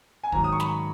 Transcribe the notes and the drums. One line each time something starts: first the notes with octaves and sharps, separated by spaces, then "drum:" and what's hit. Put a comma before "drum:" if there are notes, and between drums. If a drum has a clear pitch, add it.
G#5
G#2 D#3 F#3 A#5, drum: kick
D#6
C#6
B5, drum: snare